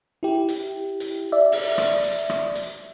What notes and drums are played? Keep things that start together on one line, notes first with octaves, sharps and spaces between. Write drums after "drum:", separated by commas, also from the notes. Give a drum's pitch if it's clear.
E4 G4
drum: hi-hat
drum: hi-hat
D5 E5
drum: open hi-hat
drum: rim click
drum: hi-hat
drum: rim click
drum: hi-hat